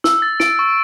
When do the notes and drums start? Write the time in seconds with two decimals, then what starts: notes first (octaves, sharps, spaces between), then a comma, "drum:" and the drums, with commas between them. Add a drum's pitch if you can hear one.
0.04 E6, drum: snare
0.22 A6
0.40 D7, drum: snare
0.59 C#6